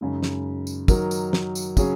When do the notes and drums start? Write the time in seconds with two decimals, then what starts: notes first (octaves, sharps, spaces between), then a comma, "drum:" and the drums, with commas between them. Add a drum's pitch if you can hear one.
0.01 F#2 C#3 G#3 D#4
0.23 drum: snare
0.67 drum: tambourine
0.88 D#3 F#3 D#4 A#4, drum: kick, tambourine
1.11 drum: tambourine
1.33 drum: snare
1.55 drum: tambourine
1.77 C#3 F#3 C#4 G#4, drum: kick, tambourine